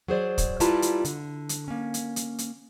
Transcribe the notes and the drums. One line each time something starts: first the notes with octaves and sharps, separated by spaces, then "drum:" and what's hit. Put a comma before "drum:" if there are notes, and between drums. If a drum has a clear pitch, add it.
F#3 G#4 C5 D5
drum: kick, hi-hat
G3 E4 F4 B4 A5 A#5, drum: hi-hat
drum: hi-hat
D3, drum: hi-hat
drum: hi-hat
A#3 C#4
drum: hi-hat
drum: hi-hat
drum: hi-hat